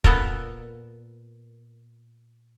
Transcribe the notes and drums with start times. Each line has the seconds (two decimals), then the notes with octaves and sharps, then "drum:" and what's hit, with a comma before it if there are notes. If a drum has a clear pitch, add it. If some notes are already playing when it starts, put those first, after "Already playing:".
0.04 A#2 B3 A4 A#4, drum: kick